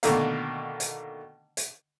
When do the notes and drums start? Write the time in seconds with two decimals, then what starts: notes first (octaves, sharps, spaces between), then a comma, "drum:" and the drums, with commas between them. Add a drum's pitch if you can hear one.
0.03 B2 D3 D#3 A3 A#3, drum: hi-hat
0.80 drum: hi-hat
1.57 drum: hi-hat